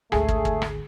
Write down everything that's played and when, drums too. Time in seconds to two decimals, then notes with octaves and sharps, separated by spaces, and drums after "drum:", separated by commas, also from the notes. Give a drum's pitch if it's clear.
0.12 G#1 D2 A3 G#4, drum: rim click
0.28 drum: kick
0.45 drum: kick
0.62 drum: rim click